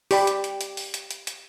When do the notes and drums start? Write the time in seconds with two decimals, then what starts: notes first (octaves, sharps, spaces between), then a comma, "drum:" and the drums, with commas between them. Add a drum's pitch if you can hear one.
0.11 G4 D5 B5, drum: open hi-hat
0.27 drum: hi-hat
0.44 drum: hi-hat
0.61 drum: hi-hat
0.77 drum: open hi-hat
0.94 drum: hi-hat
1.11 drum: hi-hat
1.27 drum: hi-hat